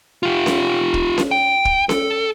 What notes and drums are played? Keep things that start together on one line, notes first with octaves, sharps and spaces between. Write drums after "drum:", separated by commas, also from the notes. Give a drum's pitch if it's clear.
F4 G4
drum: snare C#4
drum: kick
drum: snare C#4
G5
drum: kick
A4, drum: snare C#4